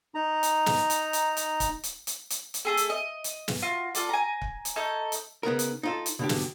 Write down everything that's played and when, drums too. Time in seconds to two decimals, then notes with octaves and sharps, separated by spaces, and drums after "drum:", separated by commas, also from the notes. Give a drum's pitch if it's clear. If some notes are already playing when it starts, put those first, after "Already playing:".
0.15 D#4 A#5
0.43 drum: hi-hat
0.66 drum: snare
0.90 drum: hi-hat
1.13 drum: hi-hat
1.37 drum: hi-hat
1.60 drum: kick, hi-hat
1.84 drum: hi-hat
2.07 drum: hi-hat
2.30 drum: hi-hat
2.54 drum: hi-hat
2.65 A3 G#4 A4
2.77 drum: hi-hat
2.90 D#5
3.24 drum: hi-hat
3.48 drum: snare
3.62 F4 F#4
3.95 F4 A4 D5, drum: hi-hat
4.09 G#5 A#5
4.42 drum: kick
4.65 drum: hi-hat
4.76 D#4 A4 C#5
5.12 drum: hi-hat
5.43 C#3 B3 D#4 A#4
5.59 drum: hi-hat
5.83 D#4 F4 A4
6.06 drum: hi-hat
6.19 B2 D3 G4
6.29 drum: snare